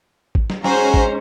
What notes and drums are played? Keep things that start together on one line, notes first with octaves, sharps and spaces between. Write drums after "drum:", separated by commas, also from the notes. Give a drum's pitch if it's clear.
drum: kick
drum: snare
G#2 C#4 F#4 C5 G#5 A#5, drum: snare
drum: kick